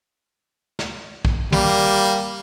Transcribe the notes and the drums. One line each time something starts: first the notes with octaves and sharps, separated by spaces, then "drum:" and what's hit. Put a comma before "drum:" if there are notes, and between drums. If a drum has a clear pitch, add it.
drum: snare
drum: kick
G3 A#3, drum: tom